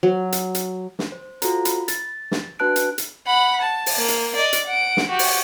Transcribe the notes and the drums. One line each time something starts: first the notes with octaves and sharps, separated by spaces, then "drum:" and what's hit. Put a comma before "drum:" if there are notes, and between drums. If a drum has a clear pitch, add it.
F#3
drum: hi-hat
drum: hi-hat
drum: snare
C5
F4 F#4 A4 C5 A#5, drum: hi-hat
B5, drum: hi-hat
A6, drum: hi-hat
drum: snare
D4 F#4 B4 A5 F#6 D7
drum: hi-hat
drum: hi-hat
F#5 B5
A5
drum: open hi-hat
A#3
drum: hi-hat
D5 D#5
drum: hi-hat
F#5 D7
drum: snare
F#4 G4
drum: open hi-hat